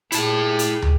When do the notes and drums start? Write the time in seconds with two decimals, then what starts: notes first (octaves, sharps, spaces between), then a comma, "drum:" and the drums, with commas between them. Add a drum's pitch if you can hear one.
0.12 A#2 E4 G4 G#4 A5, drum: hi-hat
0.59 drum: hi-hat
0.82 drum: tom